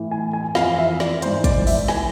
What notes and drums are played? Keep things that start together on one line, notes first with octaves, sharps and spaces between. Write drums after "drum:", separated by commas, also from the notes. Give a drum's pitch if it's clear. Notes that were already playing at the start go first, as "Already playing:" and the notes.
Already playing: A2 E3
G#5
G#5
F2 E3 F5, drum: snare
E5
D5, drum: snare
G#2 E3 C5, drum: hi-hat
D5, drum: kick, hi-hat
E5, drum: open hi-hat
E3 G#5, drum: snare